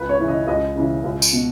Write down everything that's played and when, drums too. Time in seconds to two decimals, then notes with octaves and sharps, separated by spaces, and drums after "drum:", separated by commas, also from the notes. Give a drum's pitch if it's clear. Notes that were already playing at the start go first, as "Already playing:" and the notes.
Already playing: C#2 B4
0.09 C#5
0.19 C#3 E3
0.28 D#5
0.47 C#2 D#5
0.76 C#3 E3
1.04 C#2
1.22 drum: tambourine
1.33 B2